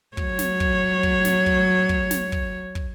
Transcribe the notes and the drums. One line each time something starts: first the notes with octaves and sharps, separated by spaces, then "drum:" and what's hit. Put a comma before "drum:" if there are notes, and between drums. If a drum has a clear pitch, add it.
F#3 C#5, drum: kick
drum: snare
drum: kick
drum: kick
drum: snare
drum: kick
drum: kick
drum: snare
drum: kick
drum: kick